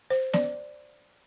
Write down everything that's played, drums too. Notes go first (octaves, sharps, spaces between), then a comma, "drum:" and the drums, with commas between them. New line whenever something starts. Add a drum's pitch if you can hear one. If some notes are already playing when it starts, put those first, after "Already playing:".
C5
D5, drum: snare B3